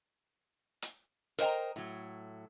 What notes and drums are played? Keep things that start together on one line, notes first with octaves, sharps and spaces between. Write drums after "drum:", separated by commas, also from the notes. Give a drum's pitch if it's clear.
drum: hi-hat
A#4 C5 D#5 F5 G5 A#5, drum: hi-hat
A2 F#3